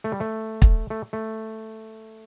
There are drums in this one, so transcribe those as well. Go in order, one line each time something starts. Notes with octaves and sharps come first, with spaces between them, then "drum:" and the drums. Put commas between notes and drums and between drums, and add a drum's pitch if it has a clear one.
A3
G3
A3
drum: kick
A3
A3